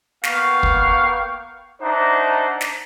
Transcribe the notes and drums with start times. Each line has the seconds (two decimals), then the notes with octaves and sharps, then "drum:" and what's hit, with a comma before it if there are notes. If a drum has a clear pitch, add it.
0.23 A#3 B3 F5 G5 C#6, drum: snare
0.63 drum: kick
1.81 D4 D#4 C5 E5 F#5 A#5
2.61 drum: snare